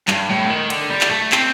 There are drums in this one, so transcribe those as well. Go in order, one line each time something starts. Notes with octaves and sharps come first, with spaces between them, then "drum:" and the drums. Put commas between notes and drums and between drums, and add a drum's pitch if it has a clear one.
G2, drum: clap
A2
D3
D#3
D3, drum: cymbal
G3
drum: clap
A3
C4, drum: clap